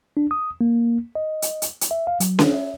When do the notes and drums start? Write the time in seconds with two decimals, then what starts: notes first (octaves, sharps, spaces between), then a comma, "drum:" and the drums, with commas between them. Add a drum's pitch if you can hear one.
0.17 D4
0.31 D#6
0.61 A#3
1.15 D#5
1.42 drum: hi-hat
1.62 drum: hi-hat
1.81 drum: hi-hat
1.91 E5
2.07 F5
2.20 F#3, drum: hi-hat
2.39 D4, drum: snare C#4
2.54 E5